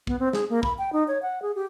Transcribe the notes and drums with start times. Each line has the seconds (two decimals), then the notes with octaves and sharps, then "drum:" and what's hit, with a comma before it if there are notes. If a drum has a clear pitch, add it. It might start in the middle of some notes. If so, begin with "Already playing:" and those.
0.07 B3, drum: kick
0.20 C4
0.33 G#4, drum: snare
0.50 A#3
0.63 B5, drum: kick
0.78 G5
0.93 D#4
1.08 C#5
1.22 F#5
1.42 G#4
1.56 G4